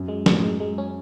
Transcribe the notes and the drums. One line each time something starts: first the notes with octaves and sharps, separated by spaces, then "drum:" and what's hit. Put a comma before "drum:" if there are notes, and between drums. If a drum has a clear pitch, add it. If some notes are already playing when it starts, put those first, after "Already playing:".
Already playing: F#2
G#3
A2, drum: snare
G#3
G#3
C#4